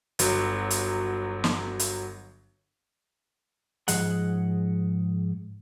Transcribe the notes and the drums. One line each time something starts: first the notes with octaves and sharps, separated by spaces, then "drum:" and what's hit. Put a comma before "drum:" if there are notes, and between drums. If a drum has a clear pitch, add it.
G1 F#3, drum: hi-hat
drum: hi-hat
drum: snare
drum: hi-hat
G#2 F3 G#4 D#5 F#5, drum: hi-hat